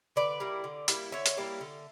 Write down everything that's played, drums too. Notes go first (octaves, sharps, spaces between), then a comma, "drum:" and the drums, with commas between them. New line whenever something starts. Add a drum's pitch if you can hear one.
D3 B4 D5
G3 A#3 E4
D3
G3 A#3 E4, drum: hi-hat
D3 C#5 E5
drum: hi-hat
G3 A#3 E4
D3